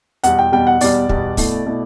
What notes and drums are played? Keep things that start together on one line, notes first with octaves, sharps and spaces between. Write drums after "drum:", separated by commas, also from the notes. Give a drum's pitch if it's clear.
E2 B2 G3 F#5, drum: hi-hat
G5
E2 B2 G3 G5
F#5
E2 B2 G3 D5, drum: open hi-hat
E2 B2 G3, drum: kick
B2 A3 E4, drum: kick, open hi-hat
B2 A3 E4